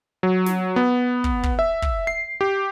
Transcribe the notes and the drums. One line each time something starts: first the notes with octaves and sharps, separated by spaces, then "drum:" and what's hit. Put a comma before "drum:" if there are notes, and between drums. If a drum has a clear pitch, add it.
F#3
drum: snare
B3
drum: kick
drum: kick
E5
drum: kick
C7
G4